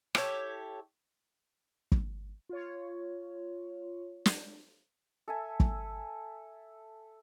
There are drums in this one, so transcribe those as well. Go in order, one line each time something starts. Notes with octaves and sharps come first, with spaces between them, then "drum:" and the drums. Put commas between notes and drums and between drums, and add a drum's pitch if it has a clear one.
E4 G4 A4 C#5, drum: rim click
drum: kick
F4 C#5
drum: snare
A4 E5 G#5
drum: kick